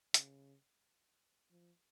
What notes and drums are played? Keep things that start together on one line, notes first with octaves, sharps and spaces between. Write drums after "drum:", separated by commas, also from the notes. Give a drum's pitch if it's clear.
C#3, drum: hi-hat
F3